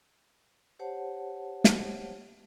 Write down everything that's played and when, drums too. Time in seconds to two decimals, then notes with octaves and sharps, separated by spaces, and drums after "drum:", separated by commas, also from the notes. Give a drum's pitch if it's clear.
0.79 G4 C5 C#5 F#5 A5
1.64 drum: snare